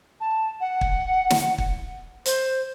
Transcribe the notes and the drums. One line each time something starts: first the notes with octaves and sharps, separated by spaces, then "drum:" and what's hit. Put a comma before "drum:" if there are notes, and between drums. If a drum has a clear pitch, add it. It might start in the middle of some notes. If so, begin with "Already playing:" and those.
A5
F#5
drum: kick
drum: snare
drum: kick
C5, drum: hi-hat